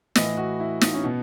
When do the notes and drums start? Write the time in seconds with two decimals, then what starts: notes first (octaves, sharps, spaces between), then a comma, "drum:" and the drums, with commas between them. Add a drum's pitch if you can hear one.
0.15 A2 E3 D#5, drum: snare
0.37 F#4
0.60 E4
0.81 D#4, drum: snare
0.94 C#4
1.04 B2 B3